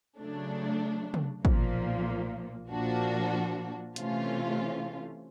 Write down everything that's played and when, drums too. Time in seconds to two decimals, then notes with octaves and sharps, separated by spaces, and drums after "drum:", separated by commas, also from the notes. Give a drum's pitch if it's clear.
0.19 C#3 F#3 A3 D4
1.14 drum: tom
1.45 B1 A#2 F3 A#3, drum: kick
2.70 A#2 F3 A#3 D4 F#4
3.96 C3 E3 A3 C#4 F4, drum: hi-hat